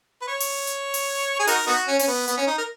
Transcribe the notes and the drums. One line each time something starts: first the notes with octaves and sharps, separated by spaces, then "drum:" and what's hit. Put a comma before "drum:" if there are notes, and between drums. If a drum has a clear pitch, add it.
B4
C#5
drum: open hi-hat
drum: hi-hat
drum: open hi-hat
G#4
D#4 F#4 A#4, drum: open hi-hat
B3 D#4 F#4
C#4
C#4, drum: open hi-hat
B3
B3, drum: hi-hat
C#4
D#4
A#4